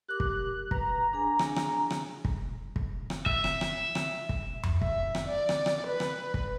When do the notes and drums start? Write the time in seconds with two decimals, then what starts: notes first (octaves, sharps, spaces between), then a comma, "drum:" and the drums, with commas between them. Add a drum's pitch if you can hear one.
0.09 G4 A#4 D6 F#6
0.20 drum: kick
0.71 B4 A#5, drum: kick
1.13 D4 G#4 G#5
1.39 drum: rim click
1.56 drum: rim click
1.90 drum: rim click
2.25 drum: kick
2.76 drum: kick
3.10 drum: rim click
3.26 E5, drum: kick
3.44 drum: rim click
3.61 drum: rim click
3.95 drum: rim click
4.29 drum: kick
4.63 drum: tom F2
4.82 E5, drum: kick
5.15 drum: rim click
5.28 D5
5.49 drum: rim click
5.66 drum: rim click
5.87 B4
6.00 drum: rim click
6.34 drum: kick